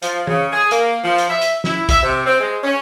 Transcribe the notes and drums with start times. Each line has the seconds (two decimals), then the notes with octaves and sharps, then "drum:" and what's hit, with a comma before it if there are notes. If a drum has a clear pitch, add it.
0.02 F3, drum: hi-hat
0.27 C#3, drum: tom
0.52 G#4
0.71 A#3, drum: hi-hat
1.03 F3
1.18 drum: hi-hat
1.30 E5
1.41 drum: hi-hat
1.64 E4, drum: snare
1.89 E5, drum: kick, hi-hat
2.03 C3
2.26 C4
2.40 G#3
2.64 C#4